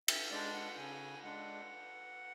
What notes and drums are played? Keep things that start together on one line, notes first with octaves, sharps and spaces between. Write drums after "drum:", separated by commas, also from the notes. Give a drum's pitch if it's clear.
E5, drum: cymbal
G#3 D4 D5
F#5
C#3 G#5
G#3 D4 F#5